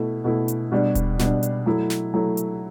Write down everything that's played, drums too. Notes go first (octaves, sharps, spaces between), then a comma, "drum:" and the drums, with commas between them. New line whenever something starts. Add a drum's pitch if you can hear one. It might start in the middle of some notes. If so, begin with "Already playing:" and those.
Already playing: B2 A3 E4
B2 A3 E4
drum: hi-hat
B2 G3 D4
drum: kick D#1, hi-hat
B2 G3 D4, drum: snare
drum: hi-hat
F#3 A3 E4
drum: snare
F#3 A3 E4
drum: hi-hat